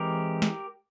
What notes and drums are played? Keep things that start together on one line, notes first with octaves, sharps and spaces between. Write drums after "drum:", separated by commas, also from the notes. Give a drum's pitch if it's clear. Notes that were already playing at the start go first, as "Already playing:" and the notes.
Already playing: E3 G#3 C4 G4 A#4
drum: snare